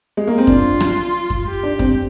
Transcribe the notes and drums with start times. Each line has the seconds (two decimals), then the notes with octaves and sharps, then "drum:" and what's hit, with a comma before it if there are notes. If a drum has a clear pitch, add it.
0.17 G#3
0.27 A#3
0.38 C4
0.47 D4 F4, drum: kick F#2
0.80 drum: rim click
1.30 drum: kick F#2
1.47 G4
1.63 D4
1.79 C4, drum: kick F#2